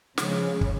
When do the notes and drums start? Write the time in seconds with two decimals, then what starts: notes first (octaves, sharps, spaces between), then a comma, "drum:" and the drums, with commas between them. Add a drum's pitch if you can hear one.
0.18 C#3 F3 G#3, drum: snare
0.61 drum: kick